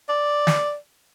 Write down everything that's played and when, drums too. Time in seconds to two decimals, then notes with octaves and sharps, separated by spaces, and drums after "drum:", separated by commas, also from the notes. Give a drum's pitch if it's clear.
0.09 D5
0.47 drum: snare